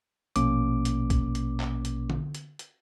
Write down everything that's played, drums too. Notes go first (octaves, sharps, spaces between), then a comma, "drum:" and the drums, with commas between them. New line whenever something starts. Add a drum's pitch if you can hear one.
A#1 B2 A#3 C#4 D6, drum: hi-hat
drum: hi-hat
drum: kick, hi-hat
drum: hi-hat
drum: clap
drum: hi-hat
drum: tom D3
drum: hi-hat
drum: hi-hat